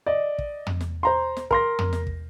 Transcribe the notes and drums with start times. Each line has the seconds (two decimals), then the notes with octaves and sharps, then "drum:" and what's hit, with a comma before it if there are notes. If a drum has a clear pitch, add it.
0.06 D5 D#5
0.38 drum: kick
0.67 drum: tom
0.81 drum: snare
1.03 C5 A#5 C6
1.37 drum: snare
1.51 A#4 C6 A#6, drum: kick
1.79 drum: tom
1.93 drum: snare
2.07 drum: kick